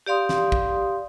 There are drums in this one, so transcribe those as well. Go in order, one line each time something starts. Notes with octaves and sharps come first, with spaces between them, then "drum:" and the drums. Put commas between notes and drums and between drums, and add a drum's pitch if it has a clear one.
G4 D5 F5 C6 D#6
drum: snare
drum: kick